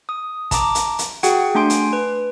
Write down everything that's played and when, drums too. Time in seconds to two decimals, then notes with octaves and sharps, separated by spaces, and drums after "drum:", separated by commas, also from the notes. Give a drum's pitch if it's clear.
0.09 D#6
0.51 A5 A#5 D6, drum: kick, hi-hat
0.75 drum: hi-hat
0.99 drum: hi-hat
1.23 F#4 G#4 F#5 G5, drum: hi-hat
1.55 A3 D4 G#5 C6 D7
1.70 drum: hi-hat
1.93 B4